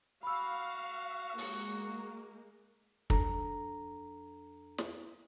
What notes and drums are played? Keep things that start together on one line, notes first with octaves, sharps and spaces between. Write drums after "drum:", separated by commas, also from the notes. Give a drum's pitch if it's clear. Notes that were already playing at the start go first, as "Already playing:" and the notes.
F#4 F5 B5 E6
G#3 A#3, drum: open hi-hat
F2 D4 A4 A#5, drum: kick
drum: snare